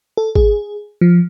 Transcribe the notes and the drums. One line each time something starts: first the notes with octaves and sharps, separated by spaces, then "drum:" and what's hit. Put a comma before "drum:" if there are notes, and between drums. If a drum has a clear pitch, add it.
A4
G#4, drum: kick
F3